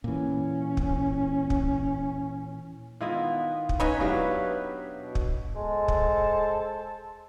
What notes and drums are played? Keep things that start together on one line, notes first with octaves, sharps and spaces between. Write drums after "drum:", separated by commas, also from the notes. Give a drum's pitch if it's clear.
A#2 E3 C#4
drum: kick
drum: kick
D#3 B3 E4 F4 D#5
drum: kick
C#4 D#4 B4 C#5 B5
F#3 B3 D4 E4 G4 B4 F5
B2
drum: kick
G#3 A4 C5 A5
drum: kick